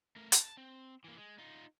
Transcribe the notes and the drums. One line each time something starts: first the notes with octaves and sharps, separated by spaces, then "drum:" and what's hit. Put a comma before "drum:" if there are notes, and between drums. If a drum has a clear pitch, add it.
A3 A#4
A5, drum: hi-hat
C4
E3 A#3
G#3
D#4 F4